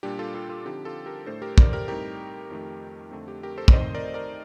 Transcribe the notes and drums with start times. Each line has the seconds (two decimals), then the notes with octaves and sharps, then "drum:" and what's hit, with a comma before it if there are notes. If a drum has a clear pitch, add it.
0.03 A#2 G3 D4 G4
0.19 F4 A4
0.35 F4 A4
0.49 F4 A4
0.65 D3 F3 C4 D#4 G4
0.85 F4 A4
1.06 G4 A#4
1.26 A2 A3 D4 A4 C5
1.42 G4 A#4
1.58 A#4 D5, drum: kick
1.73 G4 A#4
1.88 A2 G3 C4 D#4 G4 A#4
2.50 F2 D#3 A3
3.11 F2 D3 A3 C4
3.28 G4
3.43 G4 A#4
3.58 A4 C5
3.68 D5, drum: kick
3.73 D#3 A3 C4 D#4 C5 D#5
3.94 A#4 D5
4.14 A#4 D5